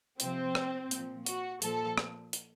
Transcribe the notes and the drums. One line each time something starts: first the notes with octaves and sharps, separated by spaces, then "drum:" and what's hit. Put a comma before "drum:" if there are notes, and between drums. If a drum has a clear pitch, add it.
C3 F3 C4, drum: hi-hat
drum: rim click
A#2 F3, drum: hi-hat
F#4, drum: hi-hat
A#2 F3 A4, drum: hi-hat
drum: rim click
drum: hi-hat